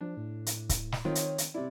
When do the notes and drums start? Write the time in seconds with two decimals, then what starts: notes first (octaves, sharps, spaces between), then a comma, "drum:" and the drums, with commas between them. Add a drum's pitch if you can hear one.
0.01 F3 D4
0.17 A2
0.46 drum: hi-hat
0.69 drum: kick C#1, hi-hat
0.92 drum: snare
1.05 D#3 C4 F4 C#5
1.15 drum: hi-hat
1.38 drum: hi-hat
1.54 C3 E4 D5